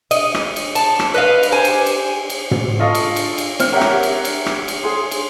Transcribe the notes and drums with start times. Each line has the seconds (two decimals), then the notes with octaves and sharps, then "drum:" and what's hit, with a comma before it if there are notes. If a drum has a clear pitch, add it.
0.11 D#5, drum: cymbal
0.34 drum: rim click
0.56 drum: cymbal
0.75 A5, drum: cymbal
0.99 drum: rim click
1.14 B4 D#5 F5
1.43 drum: cymbal
1.52 G4 C5 G#5
1.65 drum: cymbal
1.86 drum: cymbal
2.30 drum: cymbal
2.51 drum: tom
2.79 F4 A4 D#5 F5 C#6 D#6
2.95 drum: cymbal
3.16 drum: cymbal
3.38 drum: cymbal
3.60 C4 F6, drum: cymbal
3.72 G4 A#4 C#5 E5 F#5 G5
3.81 drum: rim click
4.03 drum: cymbal
4.25 drum: cymbal
4.46 drum: rim click
4.68 drum: cymbal
4.83 G#4 C6 D#6
5.11 drum: cymbal